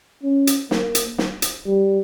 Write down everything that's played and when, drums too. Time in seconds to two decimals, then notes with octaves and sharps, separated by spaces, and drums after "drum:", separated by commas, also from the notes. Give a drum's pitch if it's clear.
0.23 C#4
0.47 drum: hi-hat
0.71 A#3, drum: snare
0.95 drum: hi-hat
1.18 drum: snare
1.42 drum: hi-hat
1.66 G3